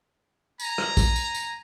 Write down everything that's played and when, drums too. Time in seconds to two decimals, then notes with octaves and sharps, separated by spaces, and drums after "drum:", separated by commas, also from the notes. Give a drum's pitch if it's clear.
0.60 G#5 A#5, drum: tambourine
0.78 drum: rim click
0.97 drum: kick, tambourine
1.16 drum: tambourine
1.34 drum: tambourine